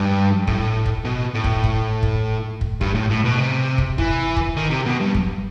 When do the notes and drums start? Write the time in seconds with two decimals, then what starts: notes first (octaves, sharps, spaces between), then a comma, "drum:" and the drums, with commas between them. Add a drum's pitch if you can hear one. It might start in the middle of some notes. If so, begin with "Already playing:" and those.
Already playing: G2
0.47 A2, drum: kick
0.86 drum: kick
1.05 B2
1.35 A2
1.44 drum: kick
1.64 drum: kick
2.03 drum: kick
2.61 drum: kick
2.81 G2, drum: kick
2.95 A2
3.10 A2
3.25 B2
3.38 C3
3.78 drum: kick
3.98 E3, drum: kick
4.36 drum: kick
4.56 D#3
4.70 C3
4.86 B2
5.00 G2
5.14 drum: kick